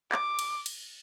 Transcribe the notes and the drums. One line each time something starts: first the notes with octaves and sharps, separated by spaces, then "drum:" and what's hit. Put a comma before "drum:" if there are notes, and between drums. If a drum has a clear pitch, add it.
D6, drum: clap
drum: cymbal
drum: cymbal